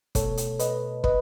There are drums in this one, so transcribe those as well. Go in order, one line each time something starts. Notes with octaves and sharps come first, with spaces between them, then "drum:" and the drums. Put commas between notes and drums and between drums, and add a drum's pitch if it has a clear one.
B2 A3 A4 C#5, drum: kick, hi-hat
drum: hi-hat
B4 D#5, drum: hi-hat
B4 D#5, drum: kick